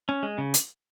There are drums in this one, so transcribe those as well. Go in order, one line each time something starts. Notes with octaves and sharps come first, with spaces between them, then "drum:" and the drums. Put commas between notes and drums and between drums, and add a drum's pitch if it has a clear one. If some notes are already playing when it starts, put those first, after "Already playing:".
C#4
G#3
C#3
drum: hi-hat